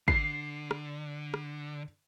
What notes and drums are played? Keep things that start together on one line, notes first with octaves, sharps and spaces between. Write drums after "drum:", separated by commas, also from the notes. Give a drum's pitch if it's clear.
D3 C7, drum: kick
drum: rim click
drum: rim click